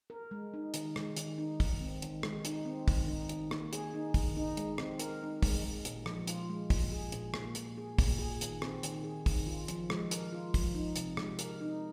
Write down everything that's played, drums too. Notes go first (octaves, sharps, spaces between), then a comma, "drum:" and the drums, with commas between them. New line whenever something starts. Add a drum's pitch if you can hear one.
A#4
G#3
D#4
D#3, drum: hi-hat
G#3, drum: rim click
D#3, drum: hi-hat
D#4
D#3, drum: kick, open hi-hat
C4
D#3, drum: hi-hat
G#3, drum: rim click
D#4, drum: hi-hat
C4
D#3, drum: kick, open hi-hat
D#4
D#3, drum: hi-hat
A#3, drum: rim click
G#4, drum: hi-hat
D#4
D#3, drum: kick, open hi-hat
D#4
G#3, drum: hi-hat
C4, drum: rim click
A#4, drum: hi-hat
D#4
G#3, drum: kick, open hi-hat
G#3
A#2, drum: hi-hat
F3, drum: rim click
F4, drum: hi-hat
G#3
A#2, drum: kick, open hi-hat
G#4
A#2, drum: hi-hat
A#3, drum: rim click
A#2, drum: hi-hat
G#4
A#2, drum: kick, open hi-hat
G#4
D#3, drum: hi-hat
C4, drum: rim click
D#3, drum: hi-hat
G#4
D#3, drum: kick, open hi-hat
F4
F3, drum: hi-hat
G#3, drum: rim click
A#4, drum: hi-hat
F4
F3, drum: kick, open hi-hat
D#4
C3, drum: hi-hat
G#3, drum: rim click
A#4, drum: hi-hat
D#4